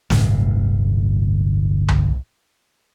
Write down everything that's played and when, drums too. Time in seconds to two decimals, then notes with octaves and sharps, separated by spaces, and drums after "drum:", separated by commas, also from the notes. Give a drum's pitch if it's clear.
0.10 D1 G1 A2 C3, drum: snare
1.88 drum: tom C2